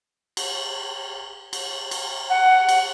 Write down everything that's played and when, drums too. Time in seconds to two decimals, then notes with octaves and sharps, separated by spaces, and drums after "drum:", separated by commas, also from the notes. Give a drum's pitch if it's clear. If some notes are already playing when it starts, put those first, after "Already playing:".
0.37 drum: cymbal
1.53 drum: cymbal
1.91 drum: cymbal
2.30 F#5
2.69 drum: cymbal